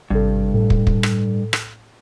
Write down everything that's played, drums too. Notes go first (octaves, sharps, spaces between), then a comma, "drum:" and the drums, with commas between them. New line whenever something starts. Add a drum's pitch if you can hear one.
G#1 G2 C3 A4
A2 A4
drum: kick
drum: kick
drum: rim click
drum: rim click